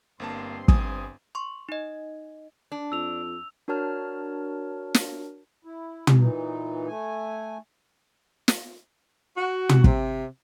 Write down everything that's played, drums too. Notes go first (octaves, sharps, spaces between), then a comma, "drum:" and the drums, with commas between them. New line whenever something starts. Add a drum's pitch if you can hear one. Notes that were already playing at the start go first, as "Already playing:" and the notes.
G1 G2 A#3 C4 A5 C6
G1 G#5 D#6, drum: kick
C6 C#6
D#4 D#5
D4
F2 E6 F7
D4 F#4 A#4 C#5 A5 F6
drum: snare
E4
drum: tom
A#2 E3 D#4
A3 G#5
drum: snare
F#4
drum: tom
C3, drum: kick